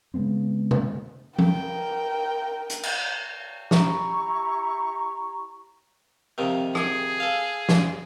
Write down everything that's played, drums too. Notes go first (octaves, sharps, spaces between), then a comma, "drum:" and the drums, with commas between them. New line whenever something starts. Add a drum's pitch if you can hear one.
C#3 G#3 B3 C4
drum: tom
A#4 G5, drum: tom F3
drum: hi-hat
drum: cymbal
E4 G4 A#5 C#6, drum: snare
F2 C3 D#3
G#4, drum: rim click
A4 F5
drum: snare